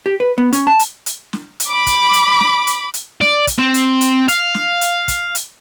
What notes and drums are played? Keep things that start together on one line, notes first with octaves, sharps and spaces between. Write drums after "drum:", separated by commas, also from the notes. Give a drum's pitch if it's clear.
G4
B4
B3
C#4, drum: hi-hat
A5
drum: hi-hat
drum: hi-hat
drum: snare
drum: hi-hat
B5 D6
drum: kick, hi-hat
drum: hi-hat
drum: snare
drum: hi-hat
drum: hi-hat
D5, drum: snare
drum: kick, hi-hat
C4
drum: hi-hat
drum: hi-hat
F5, drum: hi-hat
drum: snare
drum: hi-hat
drum: kick, hi-hat
drum: hi-hat